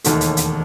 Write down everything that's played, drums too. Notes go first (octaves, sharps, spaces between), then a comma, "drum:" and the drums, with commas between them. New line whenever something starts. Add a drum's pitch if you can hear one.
E1 D#2 D#3 A3, drum: hi-hat
drum: hi-hat
drum: hi-hat